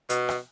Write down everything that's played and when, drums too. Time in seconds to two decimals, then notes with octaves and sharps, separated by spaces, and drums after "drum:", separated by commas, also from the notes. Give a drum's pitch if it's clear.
0.10 B2, drum: hi-hat
0.29 drum: rim click